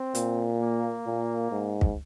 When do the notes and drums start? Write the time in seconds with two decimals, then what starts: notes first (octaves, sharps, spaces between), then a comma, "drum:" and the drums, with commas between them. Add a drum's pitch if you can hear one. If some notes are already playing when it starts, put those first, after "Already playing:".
Already playing: C4
0.15 A#2, drum: hi-hat
0.61 A#3
1.06 A#2
1.52 G#2
1.81 drum: kick